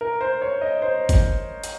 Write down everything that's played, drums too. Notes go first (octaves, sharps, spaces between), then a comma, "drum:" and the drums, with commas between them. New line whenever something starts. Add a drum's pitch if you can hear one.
A#4
C5
C#5
D#5
C5
drum: kick, hi-hat
drum: hi-hat